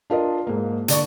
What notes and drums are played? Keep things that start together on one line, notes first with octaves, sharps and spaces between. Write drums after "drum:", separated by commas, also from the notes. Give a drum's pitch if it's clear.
D4 F4 A#4 D#5
G#2 A#3
D3 D5 C#6, drum: hi-hat